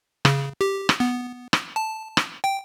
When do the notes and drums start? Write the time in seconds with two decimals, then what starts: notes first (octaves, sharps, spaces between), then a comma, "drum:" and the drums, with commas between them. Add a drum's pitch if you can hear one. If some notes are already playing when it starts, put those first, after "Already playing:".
0.25 C#3, drum: rim click
0.61 G4
0.89 drum: rim click
1.00 B3
1.53 drum: rim click
1.76 A5
2.17 drum: rim click
2.44 G5